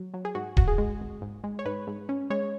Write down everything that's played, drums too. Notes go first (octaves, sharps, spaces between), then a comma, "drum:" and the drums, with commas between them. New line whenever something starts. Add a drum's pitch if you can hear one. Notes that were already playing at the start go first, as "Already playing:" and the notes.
Already playing: F#3
F#3
G#4
G#2 F#4
G#1 F#4, drum: kick D1
G#4
G#3
G#1
G#2
G#3
C#5
G#2 B4
G#2
C#4
G#3 C#5